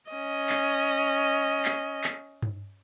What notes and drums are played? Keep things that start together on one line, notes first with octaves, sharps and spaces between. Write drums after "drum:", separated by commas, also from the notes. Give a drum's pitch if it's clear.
C#4 D#5
drum: clap
drum: clap
drum: clap
drum: tom G2